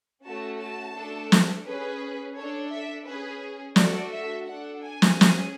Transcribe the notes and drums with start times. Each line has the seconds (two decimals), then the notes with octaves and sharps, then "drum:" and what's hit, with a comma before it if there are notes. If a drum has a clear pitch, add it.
0.25 A3 C#4 F#4 A5
0.61 A5
0.95 A3 D4 A4
1.32 drum: snare
1.65 C#4 G#4 B4
2.36 D4 A4 C#5
2.70 E5
3.05 C#4 G#4 B4
3.76 A3 D4 F#4 A4 D5, drum: snare
4.12 E5
4.46 D4 A4 F#5
4.82 G#5
5.02 drum: snare
5.16 G#4
5.21 C#4, drum: snare